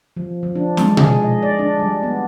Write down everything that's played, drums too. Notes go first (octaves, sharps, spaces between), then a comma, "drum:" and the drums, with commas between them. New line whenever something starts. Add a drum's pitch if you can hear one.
F3
F3
D4
G#3, drum: snare
G#4, drum: tom B2
D#5
D5
D4
G3
B3